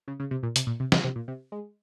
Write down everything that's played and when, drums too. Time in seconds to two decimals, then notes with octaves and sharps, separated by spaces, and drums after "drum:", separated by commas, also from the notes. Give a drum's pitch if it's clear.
0.08 C#3
0.20 C#3
0.31 C3
0.43 A#2
0.56 C3, drum: hi-hat
0.67 A#2
0.80 C3
0.92 C#3, drum: snare
1.04 C3
1.16 A#2
1.28 C3
1.52 G#3